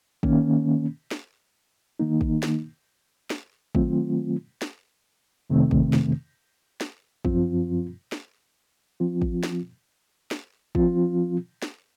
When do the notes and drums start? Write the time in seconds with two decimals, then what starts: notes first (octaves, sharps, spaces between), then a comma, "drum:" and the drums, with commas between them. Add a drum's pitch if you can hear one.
0.23 D#3 A#3 C#4, drum: kick
1.11 drum: snare
1.99 D#3 A#3 D#4
2.21 drum: kick
2.43 drum: snare
3.30 drum: snare
3.75 D#3 F#3 A3 C4 F4, drum: kick
4.62 drum: snare
5.50 F2 C3 D#3 A3 C4
5.71 drum: kick
5.93 drum: snare
6.81 drum: snare
7.25 F#2 F3 C4 F4, drum: kick
8.12 drum: snare
9.00 F3 C4 F4
9.22 drum: kick
9.43 drum: snare
10.31 drum: snare
10.75 F3 C4 F4, drum: kick
11.62 drum: snare